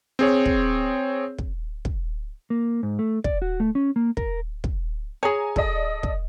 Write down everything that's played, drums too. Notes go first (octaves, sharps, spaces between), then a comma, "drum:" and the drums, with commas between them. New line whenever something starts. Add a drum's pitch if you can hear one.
C4 G#4 C#5
drum: kick
drum: kick
drum: kick
A#3
G#2
A3
D5, drum: kick
F#4
A3
C#4
A#3
A#4, drum: kick
drum: kick
G#4 C#5 G#5 A#5
A4 D5 D#5, drum: kick
drum: kick